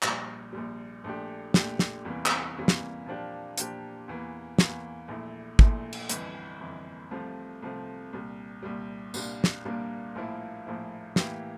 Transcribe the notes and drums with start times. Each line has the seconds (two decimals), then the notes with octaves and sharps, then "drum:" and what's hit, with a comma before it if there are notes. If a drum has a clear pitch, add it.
0.02 A#1 A#2 G3, drum: clap
0.53 A#1 A#2 G3
1.04 A#1 A#2 A3 D4 G4
1.54 A#1 A#2 A3 D4 G4, drum: snare
1.79 drum: snare
2.05 E2 C3 E3 G3 A#3
2.26 drum: clap
2.56 E2 C3 E3 G3 A#3
2.68 drum: snare
3.06 A#2 F3 A#3 D4 G4
3.58 A#2 F3 A#3 D4 G4, drum: hi-hat
4.08 E2 E3 A#3
4.59 E2 E3 A#3, drum: snare
5.08 A#1 A#2 A3 E4
5.59 A#1 A#2 A3 E4, drum: kick
5.93 drum: cymbal
6.09 G1 F2 E3, drum: hi-hat
6.60 G1 F2 E3
7.11 C2 C3 F3 A3
7.62 C2 C3 F3 A3
8.13 C2 A#2 G3
8.63 C2 A#2 G3
9.14 C2 A#2 G3 A#3 D4, drum: tambourine
9.44 drum: snare
9.65 C2 A#2 G3 A#3 D4
10.15 A#1 A2 F3 A#3 E4
10.66 A#1 A2 F3 A#3 E4
11.16 A2 E3 A#3 E4 G4, drum: snare